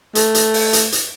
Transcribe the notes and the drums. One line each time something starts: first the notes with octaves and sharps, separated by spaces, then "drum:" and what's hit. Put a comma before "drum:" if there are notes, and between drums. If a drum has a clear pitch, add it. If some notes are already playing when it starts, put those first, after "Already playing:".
A3, drum: hi-hat
drum: hi-hat
drum: open hi-hat
drum: hi-hat
drum: hi-hat